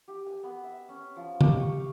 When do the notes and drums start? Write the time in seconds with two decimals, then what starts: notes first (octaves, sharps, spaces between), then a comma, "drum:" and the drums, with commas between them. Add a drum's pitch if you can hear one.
0.08 G4
0.27 G#5
0.43 B3
0.64 E5
0.89 C#4
1.17 F3
1.41 G4, drum: tom C#3
1.60 C#6
1.77 F5